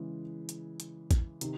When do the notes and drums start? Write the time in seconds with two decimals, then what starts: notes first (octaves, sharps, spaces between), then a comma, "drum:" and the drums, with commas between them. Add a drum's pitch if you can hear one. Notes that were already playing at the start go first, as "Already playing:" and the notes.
Already playing: C#3 E3 G#3
0.49 drum: hi-hat
0.80 drum: hi-hat
1.11 drum: kick A1, hi-hat
1.41 C3 D#3, drum: hi-hat